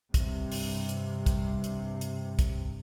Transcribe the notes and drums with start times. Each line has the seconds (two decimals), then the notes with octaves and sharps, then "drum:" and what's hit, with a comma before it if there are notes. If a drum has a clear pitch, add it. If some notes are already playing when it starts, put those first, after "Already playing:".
0.14 G2 C3, drum: kick, hi-hat
0.52 drum: open hi-hat
0.89 drum: hi-hat
1.26 drum: kick, hi-hat
1.64 drum: hi-hat
2.01 drum: hi-hat
2.39 drum: kick, hi-hat